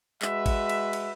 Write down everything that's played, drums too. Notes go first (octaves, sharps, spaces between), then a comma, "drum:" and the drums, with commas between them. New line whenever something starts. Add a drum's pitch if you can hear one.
G#3 F#4 B4 E5, drum: clap
drum: kick, cymbal
drum: cymbal
drum: cymbal